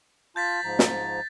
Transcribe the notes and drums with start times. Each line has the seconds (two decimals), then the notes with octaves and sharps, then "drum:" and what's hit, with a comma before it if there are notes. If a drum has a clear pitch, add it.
0.36 F4 A5 G6 A6 B6
0.64 G#2 F3 A#5
0.79 drum: snare